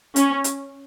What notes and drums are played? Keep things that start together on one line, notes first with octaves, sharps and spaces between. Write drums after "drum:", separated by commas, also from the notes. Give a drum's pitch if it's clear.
C#4, drum: hi-hat
drum: hi-hat